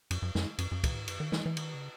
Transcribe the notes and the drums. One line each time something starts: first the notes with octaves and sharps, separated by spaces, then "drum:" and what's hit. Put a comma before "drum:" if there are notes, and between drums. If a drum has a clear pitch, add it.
F#2, drum: cymbal
F#2
F#2, drum: snare
F#2, drum: cymbal
F#2
A#2, drum: kick, cymbal
G#2
F#2, drum: cymbal
D#3
E3, drum: snare
E3
D#3, drum: cymbal
C#3